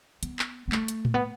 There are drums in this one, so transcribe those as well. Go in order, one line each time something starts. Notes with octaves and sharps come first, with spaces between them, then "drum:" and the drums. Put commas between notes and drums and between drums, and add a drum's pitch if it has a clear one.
B3, drum: hi-hat
drum: clap
B3
A3, drum: clap
drum: hi-hat
drum: tom A2
B3